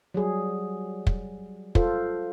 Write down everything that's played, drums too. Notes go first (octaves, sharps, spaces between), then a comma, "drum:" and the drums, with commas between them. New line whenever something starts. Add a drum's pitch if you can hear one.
F#3 G3 G#4
drum: kick
F4 A4 C5, drum: kick